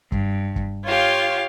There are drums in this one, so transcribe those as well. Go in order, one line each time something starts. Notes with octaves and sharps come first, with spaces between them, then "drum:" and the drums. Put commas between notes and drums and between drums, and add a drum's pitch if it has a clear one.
G2, drum: kick
drum: kick
F4 G4 C#5 F5